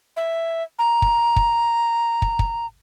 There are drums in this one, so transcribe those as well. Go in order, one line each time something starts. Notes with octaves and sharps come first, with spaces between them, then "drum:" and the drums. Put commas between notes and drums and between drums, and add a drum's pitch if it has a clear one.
E5
A#5
drum: kick
drum: kick
drum: kick
drum: kick